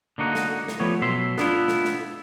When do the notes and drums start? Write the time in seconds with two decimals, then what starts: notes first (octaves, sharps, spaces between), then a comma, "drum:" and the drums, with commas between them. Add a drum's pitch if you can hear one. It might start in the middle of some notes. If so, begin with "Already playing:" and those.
0.18 D3 A#3 D#4 F#4
0.35 drum: snare
0.68 drum: snare
0.80 F3 G3 A3 B3 C#5
1.02 B2 F#3 E5 C6
1.38 B3 D4 E4 F4, drum: snare
1.68 drum: snare
1.85 drum: snare